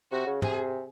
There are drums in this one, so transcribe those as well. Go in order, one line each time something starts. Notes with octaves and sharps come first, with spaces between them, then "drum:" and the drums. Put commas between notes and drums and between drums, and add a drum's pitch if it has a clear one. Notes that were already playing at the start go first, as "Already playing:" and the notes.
C3 F#4
C#3
C3 G#4, drum: tom